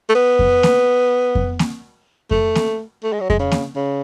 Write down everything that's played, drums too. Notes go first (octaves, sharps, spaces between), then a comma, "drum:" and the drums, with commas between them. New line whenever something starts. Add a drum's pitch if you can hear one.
A3
B3
drum: kick F2
drum: snare A#3
drum: kick F2
drum: snare A#3
A3, drum: kick F2
drum: snare A#3
A3
G#3
F#3
G#3, drum: kick F2
C#3
drum: snare A#3
C#3